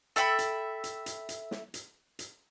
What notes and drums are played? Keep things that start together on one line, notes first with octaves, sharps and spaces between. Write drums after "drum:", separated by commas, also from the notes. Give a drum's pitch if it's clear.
A4 E5 G5 B5, drum: hi-hat
drum: hi-hat
drum: hi-hat
drum: hi-hat
drum: hi-hat
drum: snare
drum: hi-hat
drum: hi-hat